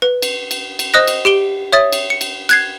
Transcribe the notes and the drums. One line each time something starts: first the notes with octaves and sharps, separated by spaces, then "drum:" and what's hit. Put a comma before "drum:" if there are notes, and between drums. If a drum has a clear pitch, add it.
B4
drum: cymbal
drum: cymbal
drum: cymbal
C5 D#5 D#6 F#6 A#6
drum: cymbal
G4 D7 G7
C#5 E5 D#6 A6
drum: cymbal
C#7
drum: cymbal
F#6 G#6 C7, drum: cymbal